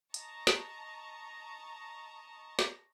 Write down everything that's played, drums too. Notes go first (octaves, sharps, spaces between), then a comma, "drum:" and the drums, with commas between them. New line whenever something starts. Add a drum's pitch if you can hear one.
D#5 A5 A#5 C#6, drum: hi-hat
drum: snare
drum: snare